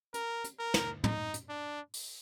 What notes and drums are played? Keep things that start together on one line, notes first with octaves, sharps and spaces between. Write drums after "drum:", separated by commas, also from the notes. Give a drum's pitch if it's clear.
A#4, drum: hi-hat
drum: hi-hat
A#4
drum: snare
D#4, drum: tom
drum: hi-hat
D4
drum: open hi-hat